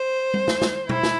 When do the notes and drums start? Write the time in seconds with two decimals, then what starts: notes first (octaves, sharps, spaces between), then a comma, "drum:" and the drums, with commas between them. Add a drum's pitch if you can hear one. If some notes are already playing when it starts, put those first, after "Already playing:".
Already playing: C5
0.34 drum: tom G3
0.48 drum: snare
0.61 drum: snare
0.89 E4, drum: tom B2
1.03 drum: snare